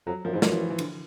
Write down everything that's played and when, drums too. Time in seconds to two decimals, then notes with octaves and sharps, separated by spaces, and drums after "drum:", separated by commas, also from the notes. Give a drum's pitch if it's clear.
0.06 F2 F#3
0.25 F#2 F3
0.33 G#2 E3
0.42 F#2 F3, drum: snare
0.52 E3
0.70 E3
0.79 D3, drum: cymbal